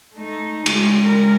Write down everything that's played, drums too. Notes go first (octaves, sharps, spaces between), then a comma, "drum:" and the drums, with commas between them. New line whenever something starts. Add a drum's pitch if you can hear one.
A3 D#4
C#3 G#3, drum: cymbal
G#3 A#4